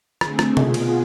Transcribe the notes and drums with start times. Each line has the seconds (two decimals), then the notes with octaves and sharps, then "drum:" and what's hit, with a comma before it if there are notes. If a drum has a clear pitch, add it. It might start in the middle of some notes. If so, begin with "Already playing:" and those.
0.21 D3 A3 C4 G#4, drum: rim click
0.39 drum: rim click
0.57 B2 B3 F4, drum: tom C3
0.74 drum: cymbal